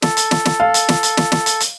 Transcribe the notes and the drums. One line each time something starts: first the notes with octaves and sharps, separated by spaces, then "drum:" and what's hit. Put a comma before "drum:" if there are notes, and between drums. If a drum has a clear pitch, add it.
A4, drum: snare
drum: hi-hat
drum: snare
drum: snare
F5
drum: hi-hat
drum: snare
drum: hi-hat
drum: snare
drum: snare
drum: hi-hat
drum: hi-hat